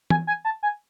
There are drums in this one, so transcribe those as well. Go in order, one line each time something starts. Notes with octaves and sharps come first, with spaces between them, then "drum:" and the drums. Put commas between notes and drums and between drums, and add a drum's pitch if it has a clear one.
G#5, drum: tom
G#5
A5
G#5